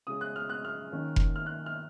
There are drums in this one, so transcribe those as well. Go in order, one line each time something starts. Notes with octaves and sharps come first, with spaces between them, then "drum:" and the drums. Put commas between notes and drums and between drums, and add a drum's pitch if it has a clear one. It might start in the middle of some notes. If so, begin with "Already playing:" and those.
C#3 G#3 C#4 D#6
F#6
F6
F#6
F6
D#3 A#3 C#4
drum: kick F1
F6
F#6
F6